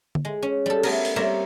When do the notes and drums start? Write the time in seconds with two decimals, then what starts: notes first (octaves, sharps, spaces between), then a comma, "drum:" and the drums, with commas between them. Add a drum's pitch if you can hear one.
0.15 drum: tom D3
0.25 G#3
0.42 C#4
0.66 G3 A4
0.83 A3 B3 A#4, drum: cymbal
1.05 drum: open hi-hat
1.16 G3 A#3 C4 A#4 C#5 E5